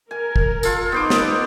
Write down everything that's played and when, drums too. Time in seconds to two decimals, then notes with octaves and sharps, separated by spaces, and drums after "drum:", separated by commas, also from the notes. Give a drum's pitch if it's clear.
0.11 A#4 G#5
0.36 drum: kick
0.63 F4 A4, drum: tambourine
0.92 B3 D#4 A#4 C5 D6
1.10 drum: snare